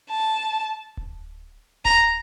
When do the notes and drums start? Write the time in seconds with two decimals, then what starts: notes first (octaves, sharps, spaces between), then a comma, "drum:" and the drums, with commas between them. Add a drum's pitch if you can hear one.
0.10 A5
0.97 drum: kick D1
1.85 A#5, drum: kick D1